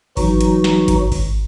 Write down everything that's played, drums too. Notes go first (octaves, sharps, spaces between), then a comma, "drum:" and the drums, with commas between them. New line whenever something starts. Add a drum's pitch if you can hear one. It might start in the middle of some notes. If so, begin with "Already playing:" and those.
E3 F#3 D#4 F#4, drum: kick G#1, open hi-hat
drum: hi-hat
drum: snare
drum: kick G#1, hi-hat
drum: kick G#1, open hi-hat